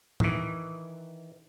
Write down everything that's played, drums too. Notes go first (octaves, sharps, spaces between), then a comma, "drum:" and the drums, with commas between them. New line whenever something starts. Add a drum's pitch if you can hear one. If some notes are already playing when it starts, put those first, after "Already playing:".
D#3 E3, drum: tom